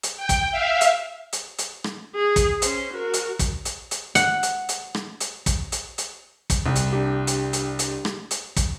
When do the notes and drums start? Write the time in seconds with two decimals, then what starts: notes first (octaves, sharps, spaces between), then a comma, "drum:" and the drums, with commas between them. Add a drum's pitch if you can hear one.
0.03 drum: hi-hat
0.17 G5
0.29 drum: kick, hi-hat
0.51 E5 F5
0.81 drum: hi-hat
1.33 drum: hi-hat
1.58 drum: hi-hat
1.84 drum: rim click
2.16 G#4
2.36 drum: kick, hi-hat
2.62 C#4 C5, drum: hi-hat
2.94 F#4 A#4
3.14 drum: hi-hat
3.39 drum: kick, hi-hat
3.65 drum: hi-hat
3.91 drum: hi-hat
4.15 F#5, drum: hi-hat
4.43 drum: hi-hat
4.69 drum: hi-hat
4.94 drum: rim click
5.20 drum: hi-hat
5.46 drum: kick, hi-hat
5.72 drum: hi-hat
5.98 drum: hi-hat
6.50 drum: kick, hi-hat
6.66 C2
6.75 drum: hi-hat
6.93 D4 G4
7.27 drum: hi-hat
7.53 drum: hi-hat
7.79 drum: hi-hat
8.05 drum: rim click
8.31 drum: hi-hat
8.56 drum: kick, hi-hat